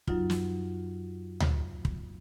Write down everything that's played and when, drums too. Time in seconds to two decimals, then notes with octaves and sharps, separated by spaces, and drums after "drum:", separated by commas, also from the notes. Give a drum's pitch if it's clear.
0.07 F#2 F#3 D#4 F4, drum: kick
0.30 drum: snare
1.40 drum: tom D2
1.85 drum: kick